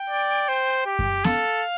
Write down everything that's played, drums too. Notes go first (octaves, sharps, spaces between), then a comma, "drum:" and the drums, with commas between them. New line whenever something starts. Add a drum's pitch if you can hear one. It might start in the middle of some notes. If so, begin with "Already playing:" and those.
Already playing: G5
D5
C5
G4
drum: kick F#2
A4 F5, drum: snare B3